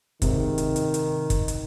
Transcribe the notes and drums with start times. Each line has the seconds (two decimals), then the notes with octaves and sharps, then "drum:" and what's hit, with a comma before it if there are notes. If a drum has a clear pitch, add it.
0.22 G#2 C3 D#3, drum: kick, hi-hat
0.58 drum: hi-hat
0.76 drum: hi-hat
0.94 drum: hi-hat
1.30 drum: kick, hi-hat
1.48 drum: hi-hat